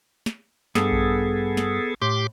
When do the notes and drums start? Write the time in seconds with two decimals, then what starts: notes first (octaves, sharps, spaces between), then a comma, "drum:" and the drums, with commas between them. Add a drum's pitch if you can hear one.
0.26 drum: snare
0.75 G2 B3 G#4 A4, drum: snare
0.92 drum: kick A#1
1.57 drum: snare
2.02 A2 G4 C6 D6